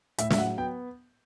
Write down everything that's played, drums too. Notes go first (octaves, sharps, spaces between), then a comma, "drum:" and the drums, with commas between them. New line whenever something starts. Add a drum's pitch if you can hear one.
A2 E5, drum: hi-hat
E5, drum: snare
F#3 F#5
B3 G5